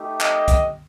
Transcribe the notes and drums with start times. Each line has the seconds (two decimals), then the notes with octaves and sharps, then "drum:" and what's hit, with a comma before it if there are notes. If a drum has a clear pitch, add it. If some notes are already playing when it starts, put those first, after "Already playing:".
Already playing: A3 D#4 G4
0.20 D#5, drum: clap
0.48 drum: kick, hi-hat